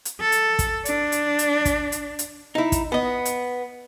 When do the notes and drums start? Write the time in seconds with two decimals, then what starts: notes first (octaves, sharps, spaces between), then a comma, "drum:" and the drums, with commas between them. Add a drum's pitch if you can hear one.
0.05 drum: hi-hat
0.20 A4
0.32 drum: hi-hat
0.59 drum: kick, hi-hat
0.85 D4, drum: hi-hat
1.12 drum: hi-hat
1.39 drum: hi-hat
1.65 drum: kick, hi-hat
1.92 drum: hi-hat
2.19 drum: hi-hat
2.55 D#4 E4
2.72 drum: kick, hi-hat
2.92 B3 D#5
3.25 drum: hi-hat